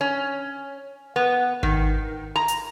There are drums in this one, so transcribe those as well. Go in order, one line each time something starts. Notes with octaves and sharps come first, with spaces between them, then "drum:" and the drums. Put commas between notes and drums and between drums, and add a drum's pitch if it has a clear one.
C#4
B3
D#3, drum: kick G#1
A#5
drum: hi-hat